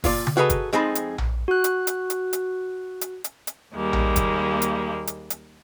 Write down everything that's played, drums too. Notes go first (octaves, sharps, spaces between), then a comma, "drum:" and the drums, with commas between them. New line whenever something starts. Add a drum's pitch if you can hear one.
A#2 F4 D5, drum: kick, open hi-hat
drum: tom C#3
F#4 G#4 A4 B4 D#5 A#5
drum: kick, hi-hat
F2 G#3 C4 D#4 A5 B5
drum: hi-hat
drum: tom A#1
F#4 F#6
drum: hi-hat
drum: hi-hat
drum: hi-hat
drum: hi-hat
drum: hi-hat
drum: hi-hat
drum: hi-hat
D#2 G3 G#3 A#3
drum: tom A#1
drum: kick, hi-hat
drum: hi-hat
drum: hi-hat
drum: hi-hat